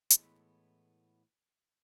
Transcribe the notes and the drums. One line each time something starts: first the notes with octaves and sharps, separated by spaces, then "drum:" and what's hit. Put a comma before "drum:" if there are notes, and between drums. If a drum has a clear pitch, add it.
A2 E3 G#3 A3 B3, drum: hi-hat